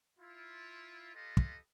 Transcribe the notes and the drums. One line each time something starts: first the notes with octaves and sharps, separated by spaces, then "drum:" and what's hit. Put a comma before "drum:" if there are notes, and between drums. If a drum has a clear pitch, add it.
E4 F4
F4 G4 A4 B4 D#5
drum: kick